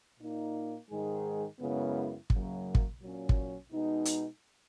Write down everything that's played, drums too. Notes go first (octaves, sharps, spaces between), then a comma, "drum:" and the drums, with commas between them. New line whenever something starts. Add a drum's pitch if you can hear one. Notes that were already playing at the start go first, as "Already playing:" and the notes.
A#2 A#3 D#4
G#2 D#3 G#3 D#4 G#4
F#2 C#3 G#3 B3 E4
F#2 C#3 F#3 A#3, drum: kick
drum: kick
A#2 F#3 C#4
drum: kick
B2 G#3 D#4
drum: hi-hat